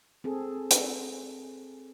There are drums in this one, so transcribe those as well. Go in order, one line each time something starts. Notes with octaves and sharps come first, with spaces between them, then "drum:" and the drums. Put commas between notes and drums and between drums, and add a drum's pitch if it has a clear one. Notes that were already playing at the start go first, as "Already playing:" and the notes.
C4 G#4 A4
drum: hi-hat